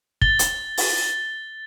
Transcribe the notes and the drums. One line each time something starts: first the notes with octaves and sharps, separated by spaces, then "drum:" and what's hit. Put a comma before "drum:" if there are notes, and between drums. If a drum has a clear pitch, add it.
A6 G7, drum: kick
drum: hi-hat
drum: open hi-hat